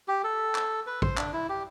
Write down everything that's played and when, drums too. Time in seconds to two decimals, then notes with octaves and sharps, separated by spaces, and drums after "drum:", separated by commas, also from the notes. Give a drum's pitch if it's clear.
0.08 G4
0.24 A4
0.55 drum: clap
0.87 B4
1.02 C5, drum: kick A1
1.18 D4, drum: clap
1.33 E4
1.49 G4